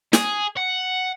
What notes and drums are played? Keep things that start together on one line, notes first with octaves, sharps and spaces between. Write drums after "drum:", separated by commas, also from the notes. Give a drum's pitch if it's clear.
G#4, drum: snare
F#5